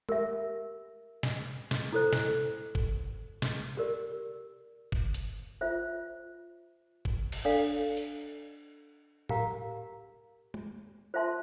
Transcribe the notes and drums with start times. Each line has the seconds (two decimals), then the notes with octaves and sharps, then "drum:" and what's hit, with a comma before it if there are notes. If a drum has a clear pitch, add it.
0.09 G4 A#4 E5, drum: tom
1.23 drum: snare
1.71 drum: snare
1.92 E4 A4 C5
2.13 drum: snare
2.75 drum: kick G1
3.42 drum: snare
3.77 G4 A#4 D5
4.92 drum: kick G1
5.14 drum: hi-hat
5.61 F4 C5 E5
7.05 drum: kick G1
7.32 drum: cymbal
7.45 D4 A4 D5 F5
7.97 drum: open hi-hat
9.29 G4 A#4 F5 A#5, drum: tom A2
10.54 drum: tom
11.14 F4 C5 E5 A5 C6